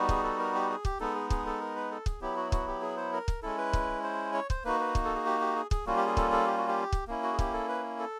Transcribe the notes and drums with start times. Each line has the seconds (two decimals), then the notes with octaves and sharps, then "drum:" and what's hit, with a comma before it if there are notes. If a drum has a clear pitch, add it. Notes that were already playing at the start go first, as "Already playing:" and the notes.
Already playing: G3 B3 D#4 F#4
0.09 G#4, drum: kick
0.23 A4
0.39 A#4
0.55 G4
0.70 G#4
0.85 G4, drum: kick
1.00 G#3 B3 D#4 A4
1.15 G#4
1.30 G#4, drum: kick
1.46 A4
1.61 A#4
1.76 B4
1.91 A4
2.06 G#4, drum: kick
2.21 F#3 B3 E4 G4
2.37 F#4
2.52 F#4, drum: kick
2.68 G4
2.82 G#4
2.97 C5
3.13 A#4
3.28 drum: kick
3.42 G#3 C#4 E4 A4
3.58 B4
3.73 drum: kick
4.04 C5
4.34 C#5
4.50 C5, drum: kick
4.65 A#3 D#4 F#4 B4
4.80 B4
4.95 drum: kick
5.05 A4
5.15 G#4
5.26 G4
5.41 G4
5.56 G#4
5.71 G#4, drum: kick
5.86 G3 A#3 C#4 F4 F#4
5.97 G4
6.06 G#4
6.17 A4, drum: kick
6.32 A4
6.46 G4
6.57 F#4
6.68 G4
6.93 drum: kick
7.08 A#3 C#4 E4
7.23 F#4
7.33 G#4
7.39 G4, drum: kick
7.53 A4
7.68 B4
7.99 A4